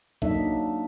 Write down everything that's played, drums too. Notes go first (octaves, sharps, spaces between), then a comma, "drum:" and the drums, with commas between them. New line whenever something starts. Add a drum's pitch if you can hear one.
F#3 A#3 D4 D#4 A4 E5, drum: kick